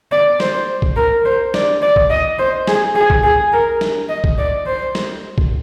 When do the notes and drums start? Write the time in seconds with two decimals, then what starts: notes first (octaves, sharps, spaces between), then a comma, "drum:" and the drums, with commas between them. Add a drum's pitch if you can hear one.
0.12 D5
0.40 C5, drum: snare
0.82 drum: kick B1
0.96 A#4
1.25 C5
1.54 D5, drum: snare
1.82 D5
1.96 drum: kick B1
2.10 D#5
2.39 C5
2.67 G#4, drum: snare
2.95 G#4
3.10 drum: kick B1
3.24 G#4
3.53 A#4
3.81 drum: snare
4.09 D#5
4.24 drum: kick B1
4.38 D5
4.66 C5
4.95 drum: snare
5.38 drum: kick B1